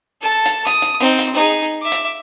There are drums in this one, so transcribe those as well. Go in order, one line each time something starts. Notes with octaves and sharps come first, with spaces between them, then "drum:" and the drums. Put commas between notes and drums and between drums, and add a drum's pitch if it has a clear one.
A4 A5
drum: hi-hat
D#6, drum: hi-hat
drum: hi-hat
C4 D#4, drum: hi-hat
drum: hi-hat
D#4 G#4
E5 D6
drum: hi-hat